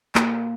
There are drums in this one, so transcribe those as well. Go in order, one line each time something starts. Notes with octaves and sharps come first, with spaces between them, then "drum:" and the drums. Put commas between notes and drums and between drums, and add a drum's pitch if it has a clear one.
A#3, drum: clap